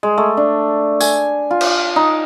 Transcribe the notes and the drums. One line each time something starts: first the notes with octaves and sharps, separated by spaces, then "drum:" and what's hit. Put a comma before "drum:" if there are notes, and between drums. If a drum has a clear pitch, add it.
G#3
A3
D4
G#5, drum: tambourine
F4
drum: cymbal
D#4